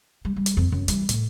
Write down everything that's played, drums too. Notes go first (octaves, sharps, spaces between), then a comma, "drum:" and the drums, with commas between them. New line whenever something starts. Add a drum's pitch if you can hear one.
G3
G3
drum: hi-hat
F2
F#2
E3 G3, drum: hi-hat
A2, drum: hi-hat